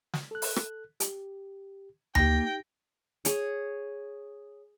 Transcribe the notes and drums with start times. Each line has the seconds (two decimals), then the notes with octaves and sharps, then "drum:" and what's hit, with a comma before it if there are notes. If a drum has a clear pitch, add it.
0.14 drum: snare
0.31 A4 F#6
0.42 drum: open hi-hat
0.56 drum: rim click
1.00 G4, drum: hi-hat
2.15 A#3 D#4 G4 G5 A#6, drum: tom D2
3.25 G#4 C#5, drum: hi-hat